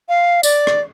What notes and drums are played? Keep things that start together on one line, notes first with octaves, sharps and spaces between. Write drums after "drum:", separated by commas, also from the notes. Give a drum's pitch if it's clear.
F5
D5, drum: tambourine
drum: rim click